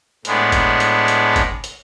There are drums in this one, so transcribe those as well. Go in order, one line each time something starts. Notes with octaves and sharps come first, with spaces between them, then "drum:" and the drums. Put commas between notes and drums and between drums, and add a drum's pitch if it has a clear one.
A2 G#3 B3 D4, drum: hi-hat
drum: kick, hi-hat
drum: hi-hat
drum: hi-hat
drum: kick, hi-hat
drum: hi-hat